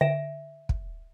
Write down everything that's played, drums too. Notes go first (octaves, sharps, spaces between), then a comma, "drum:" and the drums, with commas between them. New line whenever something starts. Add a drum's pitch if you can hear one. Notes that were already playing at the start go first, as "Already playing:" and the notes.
D3 E5 D7 E7
drum: kick